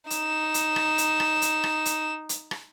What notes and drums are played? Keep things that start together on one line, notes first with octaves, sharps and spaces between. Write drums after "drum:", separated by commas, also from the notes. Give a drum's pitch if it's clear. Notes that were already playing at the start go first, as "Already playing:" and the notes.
D#4 E7, drum: hi-hat
drum: hi-hat
drum: rim click
drum: hi-hat
drum: rim click
drum: hi-hat
drum: rim click
drum: hi-hat
drum: hi-hat
drum: rim click